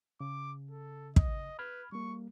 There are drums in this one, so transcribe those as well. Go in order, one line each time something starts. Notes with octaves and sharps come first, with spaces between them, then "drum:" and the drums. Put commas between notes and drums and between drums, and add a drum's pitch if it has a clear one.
C#3 D6
A4
D#5, drum: kick
B4 B5 F6 G#6
G3 A#3 C#6